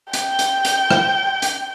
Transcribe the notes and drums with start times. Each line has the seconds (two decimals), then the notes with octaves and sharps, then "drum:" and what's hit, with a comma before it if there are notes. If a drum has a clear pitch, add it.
0.13 G5, drum: hi-hat
0.39 drum: hi-hat
0.65 drum: hi-hat
0.91 drum: rim click
1.42 drum: hi-hat